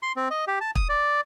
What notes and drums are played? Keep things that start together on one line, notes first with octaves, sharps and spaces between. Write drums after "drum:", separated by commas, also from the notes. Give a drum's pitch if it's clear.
C6
C4
D#5
G4
A5
D#6, drum: kick
D5